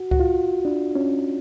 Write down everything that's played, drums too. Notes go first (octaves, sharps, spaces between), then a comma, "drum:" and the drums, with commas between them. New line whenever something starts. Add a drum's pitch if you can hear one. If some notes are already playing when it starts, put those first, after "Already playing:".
Already playing: F#4
F#4, drum: kick C#2
F4
D4
C#4